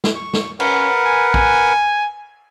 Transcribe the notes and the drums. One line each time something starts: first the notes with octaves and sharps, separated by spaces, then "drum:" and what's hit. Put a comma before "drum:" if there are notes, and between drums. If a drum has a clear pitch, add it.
drum: snare
C#6
drum: snare
C#4 A#4 B4 F#5, drum: cymbal
G#5
G#5, drum: kick